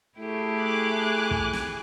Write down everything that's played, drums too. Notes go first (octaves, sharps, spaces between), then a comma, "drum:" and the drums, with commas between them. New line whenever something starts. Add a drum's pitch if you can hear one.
A3 E4 G4 G#4
G#5 D6 F#6
drum: kick
drum: snare